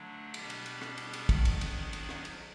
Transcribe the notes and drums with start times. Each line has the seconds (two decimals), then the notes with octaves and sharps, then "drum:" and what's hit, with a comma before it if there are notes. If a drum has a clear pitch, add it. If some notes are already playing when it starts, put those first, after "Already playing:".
Already playing: D3 F#3 A3 D4
0.34 B2 G3 B3 D4 G4, drum: cymbal
0.50 drum: cymbal
0.66 drum: cymbal
0.82 drum: rim click
0.98 drum: cymbal
1.13 drum: cymbal
1.29 D#3 F#3 B3 D4, drum: kick, cymbal
1.45 drum: cymbal
1.61 drum: cymbal
1.93 drum: cymbal
2.09 drum: rim click
2.25 drum: cymbal